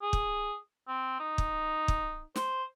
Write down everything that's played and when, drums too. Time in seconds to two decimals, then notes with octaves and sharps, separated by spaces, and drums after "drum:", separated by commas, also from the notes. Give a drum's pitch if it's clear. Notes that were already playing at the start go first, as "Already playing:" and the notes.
0.02 G#4
0.13 drum: kick
0.88 C4
1.20 D#4
1.38 drum: kick
1.88 drum: kick
2.36 C5, drum: snare